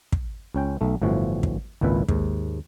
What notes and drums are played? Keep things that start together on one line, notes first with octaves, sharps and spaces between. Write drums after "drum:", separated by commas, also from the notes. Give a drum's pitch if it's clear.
drum: kick
C#2 C#4 G5
B1 A3
G1 A2 E3 F3 F#4
drum: kick
G#1 C#2 A#2 E4 B4 E5
D#2 G#2, drum: kick